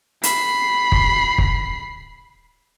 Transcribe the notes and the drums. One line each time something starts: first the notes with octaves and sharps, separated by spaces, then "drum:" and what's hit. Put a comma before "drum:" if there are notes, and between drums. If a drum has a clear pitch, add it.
B5 C7, drum: hi-hat
drum: kick
drum: kick